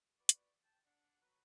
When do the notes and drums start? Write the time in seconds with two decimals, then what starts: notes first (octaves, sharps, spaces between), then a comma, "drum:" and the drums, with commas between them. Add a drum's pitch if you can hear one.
0.19 F#4 B4 D5
0.29 drum: hi-hat
0.63 G5 A5
0.85 D4 F#5
1.21 F#3 F#4 B4